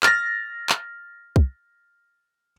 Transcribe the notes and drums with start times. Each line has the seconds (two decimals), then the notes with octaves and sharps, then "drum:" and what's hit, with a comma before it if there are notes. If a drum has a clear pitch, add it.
0.03 F6 A6 A#6, drum: clap
0.69 drum: clap
1.36 drum: kick